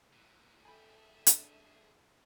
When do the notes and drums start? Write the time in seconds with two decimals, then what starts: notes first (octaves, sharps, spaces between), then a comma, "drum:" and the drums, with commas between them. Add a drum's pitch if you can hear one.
0.13 A#2 E3
0.65 G#4 A4 E5 G5 G#5 B5
1.27 D4, drum: hi-hat